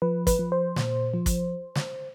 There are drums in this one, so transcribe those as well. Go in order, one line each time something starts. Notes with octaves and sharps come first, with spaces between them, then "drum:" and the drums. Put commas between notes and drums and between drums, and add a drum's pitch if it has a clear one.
F3 B4
B4, drum: kick, hi-hat
F3
C5
A#2, drum: snare
F3
drum: kick, hi-hat
drum: snare